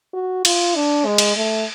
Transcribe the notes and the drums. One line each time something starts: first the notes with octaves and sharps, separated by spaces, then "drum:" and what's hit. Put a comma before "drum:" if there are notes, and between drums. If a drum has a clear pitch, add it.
F#4
F4, drum: cymbal
D4
G#3
drum: cymbal
A3